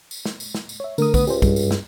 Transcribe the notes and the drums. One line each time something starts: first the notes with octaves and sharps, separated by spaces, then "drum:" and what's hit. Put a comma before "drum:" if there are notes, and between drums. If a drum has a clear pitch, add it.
drum: tambourine
drum: snare
drum: tambourine
drum: snare
drum: tambourine
C#5 E5
D3 A3 A#4 D#6, drum: tambourine
B3, drum: kick, tambourine
C#2 G4 G#4 C5, drum: tambourine
G2 G3, drum: kick, tambourine
drum: tambourine
drum: snare